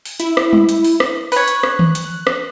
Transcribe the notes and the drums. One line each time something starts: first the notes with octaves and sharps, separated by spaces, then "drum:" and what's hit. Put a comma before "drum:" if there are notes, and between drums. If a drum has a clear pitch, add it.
drum: open hi-hat
E4, drum: hi-hat
drum: rim click
drum: tom G3
drum: hi-hat
drum: open hi-hat
drum: rim click
B4 C#5 F#6, drum: open hi-hat
drum: hi-hat
drum: rim click
drum: tom D#3
drum: hi-hat
drum: rim click